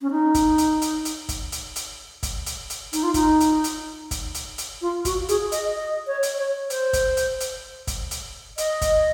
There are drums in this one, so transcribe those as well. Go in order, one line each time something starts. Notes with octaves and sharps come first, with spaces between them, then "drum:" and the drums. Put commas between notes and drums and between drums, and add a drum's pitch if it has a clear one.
C#4
D#4
drum: kick, hi-hat
drum: hi-hat
drum: hi-hat
drum: hi-hat
drum: kick, hi-hat
drum: hi-hat
drum: hi-hat
drum: kick, hi-hat
drum: hi-hat
drum: hi-hat
D#4, drum: hi-hat
F4
D#4, drum: kick, hi-hat
drum: hi-hat
drum: hi-hat
drum: kick, hi-hat
drum: hi-hat
drum: hi-hat
F4
F#4, drum: kick, hi-hat
G#4, drum: hi-hat
D#5, drum: hi-hat
D#5
C#5
drum: hi-hat
C#5
C5, drum: hi-hat
drum: kick, hi-hat
drum: hi-hat
drum: hi-hat
drum: kick, hi-hat
drum: hi-hat
D#5, drum: hi-hat
drum: kick, hi-hat